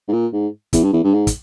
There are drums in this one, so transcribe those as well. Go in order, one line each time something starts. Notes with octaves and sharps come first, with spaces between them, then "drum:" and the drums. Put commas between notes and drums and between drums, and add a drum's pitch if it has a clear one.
G#2
A#2
G#2
E2, drum: kick, hi-hat
G2
E2
G2
G#2
drum: kick, hi-hat